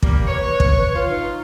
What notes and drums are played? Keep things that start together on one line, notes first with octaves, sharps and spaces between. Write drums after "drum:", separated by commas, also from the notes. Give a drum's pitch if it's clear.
G3 A#3, drum: kick
B4 C#5
drum: kick
F4
D#4